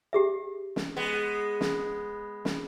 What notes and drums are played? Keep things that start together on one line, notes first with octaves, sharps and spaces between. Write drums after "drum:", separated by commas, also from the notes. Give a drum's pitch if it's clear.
G4 G#4 E5
drum: snare
G#3 B3
drum: snare
drum: snare